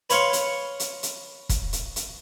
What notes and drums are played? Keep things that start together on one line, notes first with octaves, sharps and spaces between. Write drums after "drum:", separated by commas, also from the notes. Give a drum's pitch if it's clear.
B4 C#5 F5 C6 C#6, drum: hi-hat
drum: hi-hat
drum: hi-hat
drum: hi-hat
drum: kick E1, hi-hat
drum: hi-hat
drum: hi-hat